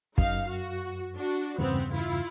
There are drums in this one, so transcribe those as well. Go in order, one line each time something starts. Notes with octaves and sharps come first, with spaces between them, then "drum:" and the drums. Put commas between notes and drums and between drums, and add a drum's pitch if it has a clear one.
F#2 D#4 F5, drum: kick
F#4
D4 F#4
E2 G2 C#3 B3 C4
E4 F4